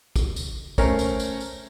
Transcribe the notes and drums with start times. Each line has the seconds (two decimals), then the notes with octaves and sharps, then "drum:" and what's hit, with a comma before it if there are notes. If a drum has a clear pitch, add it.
0.16 drum: kick, tambourine
0.36 drum: tambourine
0.78 A3 C#4 A#4 C5 C#5, drum: kick, tambourine
0.99 drum: tambourine
1.20 drum: tambourine
1.40 drum: tambourine